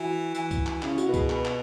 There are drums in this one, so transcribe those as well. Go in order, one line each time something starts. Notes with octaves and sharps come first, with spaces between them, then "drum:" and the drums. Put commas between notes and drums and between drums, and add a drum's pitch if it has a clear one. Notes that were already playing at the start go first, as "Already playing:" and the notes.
Already playing: E3 F#4
E3, drum: tambourine
drum: kick C2, tambourine
drum: clap
C#3 E4, drum: clap
C#3 F#4, drum: tambourine
B2 B4
G#4, drum: kick C2, tambourine
B4, drum: clap
drum: clap